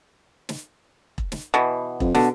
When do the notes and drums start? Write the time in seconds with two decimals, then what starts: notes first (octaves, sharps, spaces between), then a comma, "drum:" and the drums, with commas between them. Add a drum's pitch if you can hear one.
0.49 drum: snare
1.18 drum: kick E1
1.32 drum: snare
1.54 B2 E3
2.00 F2, drum: kick E1
2.15 B2 D3, drum: snare